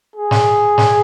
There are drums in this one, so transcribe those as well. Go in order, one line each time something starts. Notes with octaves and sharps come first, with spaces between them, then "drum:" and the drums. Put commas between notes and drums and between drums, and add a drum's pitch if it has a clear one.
G#4
drum: snare
drum: snare